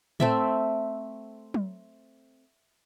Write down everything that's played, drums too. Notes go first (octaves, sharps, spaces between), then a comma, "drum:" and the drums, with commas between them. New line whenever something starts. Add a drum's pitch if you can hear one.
A3 C4 E5, drum: tom A2
drum: tom F#3